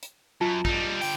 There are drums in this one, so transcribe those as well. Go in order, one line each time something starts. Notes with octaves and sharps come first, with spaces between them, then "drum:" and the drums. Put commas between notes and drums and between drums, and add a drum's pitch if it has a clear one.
drum: hi-hat
F#2 F4 A5
G3 D#4, drum: kick
D3 G5, drum: open hi-hat